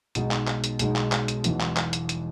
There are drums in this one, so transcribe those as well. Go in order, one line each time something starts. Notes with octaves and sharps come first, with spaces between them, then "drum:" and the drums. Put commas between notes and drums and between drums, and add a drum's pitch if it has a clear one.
B1 B2 G#3 D#4, drum: hi-hat
drum: clap
drum: clap
drum: hi-hat
B1 B2 G#3 D#4, drum: hi-hat
drum: clap
drum: clap
drum: hi-hat
E1 E2 B2 F#3 B3, drum: hi-hat
drum: clap
drum: clap
drum: hi-hat
drum: hi-hat